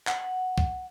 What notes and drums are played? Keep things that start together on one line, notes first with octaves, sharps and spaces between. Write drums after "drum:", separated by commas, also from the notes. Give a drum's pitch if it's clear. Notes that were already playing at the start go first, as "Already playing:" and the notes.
F#5, drum: clap
drum: kick